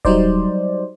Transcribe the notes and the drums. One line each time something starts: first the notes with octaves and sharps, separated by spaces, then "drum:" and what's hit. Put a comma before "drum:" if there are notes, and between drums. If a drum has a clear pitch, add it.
F#3 G3 D#4 C5 D5, drum: kick D#1